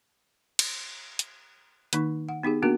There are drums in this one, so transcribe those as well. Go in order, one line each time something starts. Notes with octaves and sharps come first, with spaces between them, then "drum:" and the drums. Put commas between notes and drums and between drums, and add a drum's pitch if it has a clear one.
drum: cymbal
drum: hi-hat
D#3 A#3 D#4 C#6, drum: hi-hat
F#5
B3 D#4 G4 G#4
A#3 B3 D4 F#4 A#4